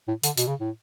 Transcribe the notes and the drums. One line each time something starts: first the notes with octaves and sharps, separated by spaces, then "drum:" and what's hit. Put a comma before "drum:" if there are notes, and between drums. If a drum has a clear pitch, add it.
A2
D3, drum: hi-hat
B2, drum: hi-hat
C#3
A2